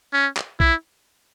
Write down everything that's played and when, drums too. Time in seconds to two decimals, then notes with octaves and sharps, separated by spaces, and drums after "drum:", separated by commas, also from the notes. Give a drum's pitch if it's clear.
0.13 C#4
0.37 drum: clap
0.60 E4, drum: kick B1